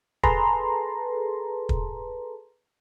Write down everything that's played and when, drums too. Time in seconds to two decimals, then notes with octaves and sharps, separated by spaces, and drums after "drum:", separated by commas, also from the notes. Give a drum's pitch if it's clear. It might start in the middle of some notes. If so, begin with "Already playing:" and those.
0.23 G#4 A4 B4 A5 A#5 C6, drum: kick
1.69 drum: kick